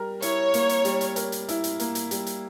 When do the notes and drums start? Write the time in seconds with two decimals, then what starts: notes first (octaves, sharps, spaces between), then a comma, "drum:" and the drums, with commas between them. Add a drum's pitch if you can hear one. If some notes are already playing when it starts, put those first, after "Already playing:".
Already playing: G3 A#4
0.22 E4 C#5, drum: hi-hat
0.54 A#3, drum: hi-hat
0.69 drum: hi-hat
0.85 G3, drum: hi-hat
1.01 drum: hi-hat
1.16 A#4, drum: hi-hat
1.32 drum: hi-hat
1.49 E4, drum: hi-hat
1.64 drum: hi-hat
1.80 A#3, drum: hi-hat
1.95 drum: hi-hat
2.11 G3, drum: hi-hat
2.26 drum: hi-hat